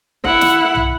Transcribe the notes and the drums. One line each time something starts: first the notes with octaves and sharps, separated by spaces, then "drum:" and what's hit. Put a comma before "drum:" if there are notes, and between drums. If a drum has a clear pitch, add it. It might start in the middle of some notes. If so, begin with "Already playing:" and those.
E4 F#5, drum: kick
drum: snare
drum: tom B1